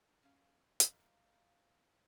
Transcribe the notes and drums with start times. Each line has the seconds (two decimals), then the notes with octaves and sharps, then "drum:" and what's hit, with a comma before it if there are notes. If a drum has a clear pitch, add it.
0.23 C#4 F5
0.80 D#4 F5, drum: hi-hat